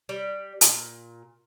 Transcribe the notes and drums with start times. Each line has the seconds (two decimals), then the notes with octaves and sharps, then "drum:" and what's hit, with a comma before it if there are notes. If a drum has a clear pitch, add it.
0.09 G3
0.61 A#2, drum: hi-hat